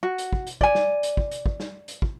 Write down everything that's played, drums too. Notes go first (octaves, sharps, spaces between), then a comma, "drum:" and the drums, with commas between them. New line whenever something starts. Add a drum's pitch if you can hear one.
F#4
drum: hi-hat
drum: kick
drum: hi-hat
D5 G#5, drum: kick
drum: snare
drum: hi-hat
drum: kick
drum: hi-hat
drum: kick
drum: snare
drum: hi-hat
drum: kick